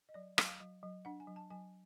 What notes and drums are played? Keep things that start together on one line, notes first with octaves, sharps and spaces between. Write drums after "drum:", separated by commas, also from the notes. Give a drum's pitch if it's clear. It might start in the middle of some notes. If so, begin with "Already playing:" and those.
D#5
F#3 D5
F#3, drum: rim click
F5
F#3
F#3
D4 F#5
G#5
F#3
A5
F#3 G#5